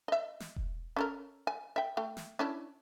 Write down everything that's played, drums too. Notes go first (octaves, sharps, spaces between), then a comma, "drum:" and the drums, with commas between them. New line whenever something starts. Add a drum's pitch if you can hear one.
D#5 E5
drum: snare
drum: kick E1
C#4 A4 A#4
G#5
E5 G5
A3 G5
drum: snare
C#4 D4 E4